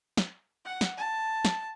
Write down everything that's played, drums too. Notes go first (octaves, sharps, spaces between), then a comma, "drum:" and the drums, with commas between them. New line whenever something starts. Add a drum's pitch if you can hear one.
drum: snare
F#5
drum: snare
A5
drum: snare